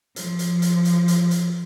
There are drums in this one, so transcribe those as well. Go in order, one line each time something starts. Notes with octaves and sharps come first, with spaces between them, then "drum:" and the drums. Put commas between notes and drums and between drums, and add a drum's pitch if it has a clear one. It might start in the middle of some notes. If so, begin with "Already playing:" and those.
F3, drum: hi-hat
drum: hi-hat
drum: hi-hat
drum: hi-hat
drum: hi-hat
drum: hi-hat